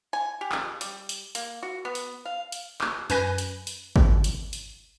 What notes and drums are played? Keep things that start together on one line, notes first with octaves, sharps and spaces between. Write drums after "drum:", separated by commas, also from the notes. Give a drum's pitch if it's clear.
G#5
G4
drum: clap
G3, drum: hi-hat
drum: hi-hat
A#3, drum: hi-hat
F#4
B3
drum: hi-hat
F5
drum: hi-hat
drum: clap
F#2 B4 G#5 G6 A#6 D#7, drum: hi-hat
drum: hi-hat
drum: hi-hat
drum: kick
drum: hi-hat
drum: hi-hat